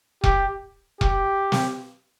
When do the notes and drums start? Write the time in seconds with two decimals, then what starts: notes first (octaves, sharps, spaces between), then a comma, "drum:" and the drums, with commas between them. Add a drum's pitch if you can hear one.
0.24 G4, drum: kick E1
1.01 G4, drum: kick E1
1.52 drum: snare